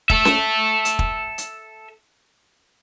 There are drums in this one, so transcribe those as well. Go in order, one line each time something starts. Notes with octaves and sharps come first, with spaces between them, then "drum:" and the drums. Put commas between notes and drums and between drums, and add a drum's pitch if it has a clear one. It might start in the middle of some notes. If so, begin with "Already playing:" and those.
A4 E5, drum: kick
drum: snare C#4
drum: hi-hat
drum: kick
drum: hi-hat